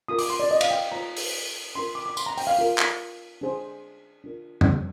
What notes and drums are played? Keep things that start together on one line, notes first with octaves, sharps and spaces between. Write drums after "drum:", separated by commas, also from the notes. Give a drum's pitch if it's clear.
F4 A#4 D#6
D6, drum: open hi-hat
C6
D5
D#5
F5, drum: cymbal
G5
F4 C5 A#5
drum: open hi-hat
D4 F4 A#4 C6
D6
D6
C6, drum: tambourine
A#5
G5, drum: open hi-hat
F5
F4 A#4
drum: clap
D4 G#4 C5
D4 F4 A#4
drum: tom F2